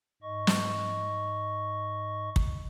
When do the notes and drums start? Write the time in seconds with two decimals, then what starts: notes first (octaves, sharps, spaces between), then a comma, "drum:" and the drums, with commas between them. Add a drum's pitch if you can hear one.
0.23 G#2 D#5 C#6
0.47 drum: snare
2.36 drum: kick